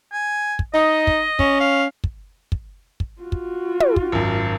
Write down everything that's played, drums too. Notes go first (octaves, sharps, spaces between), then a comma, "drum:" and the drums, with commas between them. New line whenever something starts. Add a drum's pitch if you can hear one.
G#5
drum: kick
D#4 D#5
drum: kick
C#4, drum: kick
F5
drum: kick
drum: kick
drum: kick
F4 F#4
drum: kick
drum: tom
drum: kick
G#1 F#2